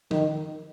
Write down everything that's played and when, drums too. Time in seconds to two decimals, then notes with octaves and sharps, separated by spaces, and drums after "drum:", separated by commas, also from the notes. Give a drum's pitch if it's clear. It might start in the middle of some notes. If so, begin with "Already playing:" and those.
0.11 D#3, drum: tom